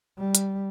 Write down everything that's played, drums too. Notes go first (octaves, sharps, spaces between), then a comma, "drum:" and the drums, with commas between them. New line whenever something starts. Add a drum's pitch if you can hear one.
G3
drum: hi-hat